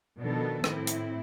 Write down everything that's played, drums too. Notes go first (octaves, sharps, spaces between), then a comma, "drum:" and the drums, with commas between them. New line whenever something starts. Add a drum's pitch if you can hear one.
B2 D#3 F3 B3 D4 A4
A2 C4 E4, drum: rim click
drum: hi-hat